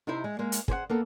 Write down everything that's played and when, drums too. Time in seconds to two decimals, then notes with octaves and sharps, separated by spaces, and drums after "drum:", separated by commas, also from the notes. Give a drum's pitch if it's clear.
0.07 C3 D#4 E4 C5
0.24 G#3
0.39 G#3 A#3
0.52 drum: hi-hat
0.68 G#4 C5 C#5 F#5, drum: kick
0.90 A#3 B3 A4